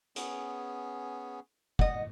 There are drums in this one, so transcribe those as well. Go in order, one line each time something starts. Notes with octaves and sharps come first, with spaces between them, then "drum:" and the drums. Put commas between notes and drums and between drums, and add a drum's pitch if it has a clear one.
B3 C#4 G#4, drum: hi-hat
D#5 F#5, drum: kick